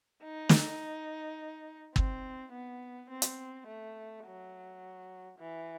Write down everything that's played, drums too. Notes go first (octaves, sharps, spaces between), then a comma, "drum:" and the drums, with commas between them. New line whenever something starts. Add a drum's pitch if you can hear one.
D#4
drum: snare
C4, drum: kick
B3
C4
drum: hi-hat
A3
F#3
E3